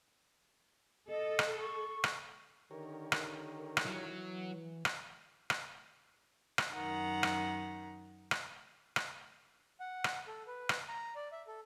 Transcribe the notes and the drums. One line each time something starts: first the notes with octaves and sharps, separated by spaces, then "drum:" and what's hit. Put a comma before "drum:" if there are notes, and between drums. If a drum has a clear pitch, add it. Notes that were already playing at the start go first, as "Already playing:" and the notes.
A4 D#5
drum: rim click
C#6
drum: rim click
D3 D#3 G4 A#4 C#5
drum: rim click
drum: rim click
E3 F#3
drum: rim click
drum: rim click
drum: rim click
F#2 D#3 F#5 A#5
drum: rim click
drum: rim click
drum: rim click
F#5
drum: rim click
A4
B4
drum: rim click
A#5
D5
E5
A4